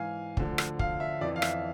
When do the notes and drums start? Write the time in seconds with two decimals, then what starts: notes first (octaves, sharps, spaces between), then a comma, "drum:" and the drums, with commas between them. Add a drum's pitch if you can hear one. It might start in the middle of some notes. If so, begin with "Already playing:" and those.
Already playing: G#2 E3 F5 G#5
0.37 D2 D3 F3, drum: kick
0.58 drum: rim click
0.79 F5, drum: kick
1.00 E5
1.21 F2 E3 D5
1.36 F5
1.42 E5, drum: rim click